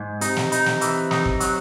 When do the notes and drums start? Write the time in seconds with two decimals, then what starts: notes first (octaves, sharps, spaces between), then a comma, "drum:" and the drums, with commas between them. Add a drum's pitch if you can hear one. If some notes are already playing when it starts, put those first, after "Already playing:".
Already playing: G#2
0.21 C3 D#4, drum: hi-hat
0.37 drum: snare
0.52 D#4, drum: hi-hat
0.66 drum: snare
0.81 E3, drum: hi-hat
1.11 D#4, drum: snare
1.26 drum: kick
1.40 F#3, drum: hi-hat